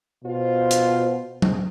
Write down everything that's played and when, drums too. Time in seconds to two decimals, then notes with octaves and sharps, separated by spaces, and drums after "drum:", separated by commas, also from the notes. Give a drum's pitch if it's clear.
0.24 B2 F4 C5
0.71 drum: hi-hat
1.42 drum: tom